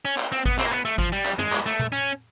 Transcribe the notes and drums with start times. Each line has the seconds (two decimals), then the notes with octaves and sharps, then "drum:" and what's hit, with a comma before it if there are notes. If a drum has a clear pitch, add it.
0.05 C#4
0.18 drum: clap
0.32 C4
0.46 B3, drum: kick G#1
0.59 C4, drum: clap
0.66 A#3
0.71 B3
0.85 A3
0.98 F3, drum: kick G#1
1.12 G3
1.26 drum: clap
1.39 G#3, drum: tom
1.53 drum: clap
1.66 A3
1.79 drum: tom
1.92 C#4